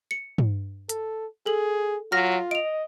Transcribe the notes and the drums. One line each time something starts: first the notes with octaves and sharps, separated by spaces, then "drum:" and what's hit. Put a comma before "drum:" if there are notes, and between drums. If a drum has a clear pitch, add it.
C#7
drum: tom
A4, drum: hi-hat
G#4 A4 F#7
F#3 F4 F6 A#6
D#5 D7 F7